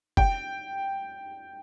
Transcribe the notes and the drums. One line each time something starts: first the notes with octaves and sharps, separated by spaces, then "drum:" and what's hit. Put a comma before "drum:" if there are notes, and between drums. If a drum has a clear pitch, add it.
G5, drum: kick